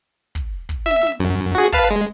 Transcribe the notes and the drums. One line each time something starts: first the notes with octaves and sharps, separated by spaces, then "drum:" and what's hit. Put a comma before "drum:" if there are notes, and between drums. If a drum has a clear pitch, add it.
drum: kick
drum: kick
E5, drum: snare
drum: snare
F#2
F#4 G#4, drum: snare
B4 F5 A5, drum: kick
G#3